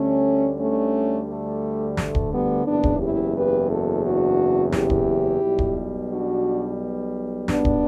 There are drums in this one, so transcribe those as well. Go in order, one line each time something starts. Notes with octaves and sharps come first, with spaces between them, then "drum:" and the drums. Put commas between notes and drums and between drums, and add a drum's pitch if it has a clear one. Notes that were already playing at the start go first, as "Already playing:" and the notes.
Already playing: D2 D3 G3 A3 C#4
A3 C#4
A3
A3, drum: snare
drum: kick
G3 B3
F#1 E2 C#3 B3 D4
drum: kick
E4 G4
G4 B4
F#4 A4
D4 F#4
E4 G4, drum: snare
drum: kick
B1 B2 G3
drum: kick
D4 F#4
B3 D4, drum: snare
drum: kick